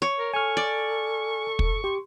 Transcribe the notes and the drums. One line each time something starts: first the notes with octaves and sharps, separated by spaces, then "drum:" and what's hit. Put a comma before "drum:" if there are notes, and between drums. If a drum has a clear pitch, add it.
C#5
A#4
A4 G#5 C#6 F6
D5
drum: kick
G4 C6